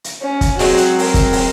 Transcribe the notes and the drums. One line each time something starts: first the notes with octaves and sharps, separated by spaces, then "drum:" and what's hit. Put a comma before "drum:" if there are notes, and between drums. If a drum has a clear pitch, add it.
drum: hi-hat
C#4
drum: kick, hi-hat
F#3 G#3 C4 F#4, drum: open hi-hat
drum: hi-hat
A#4, drum: open hi-hat
drum: kick, hi-hat
drum: open hi-hat